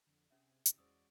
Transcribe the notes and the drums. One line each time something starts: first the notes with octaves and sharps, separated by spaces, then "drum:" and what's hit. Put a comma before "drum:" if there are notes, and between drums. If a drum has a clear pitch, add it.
F2 D3
C3 C4 C#4 G#4 E5
A1 C#3 G4 D#5 E6, drum: hi-hat
E2 G#3 C#4 F#4 C5 D5 D#6 E6